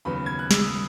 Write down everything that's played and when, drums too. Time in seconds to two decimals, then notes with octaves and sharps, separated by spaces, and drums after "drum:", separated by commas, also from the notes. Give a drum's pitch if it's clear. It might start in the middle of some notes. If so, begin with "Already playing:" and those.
0.05 D#2 C#3 F#3 B3 B5
0.26 G#6
0.39 F#6
0.51 E6, drum: snare
0.62 D#6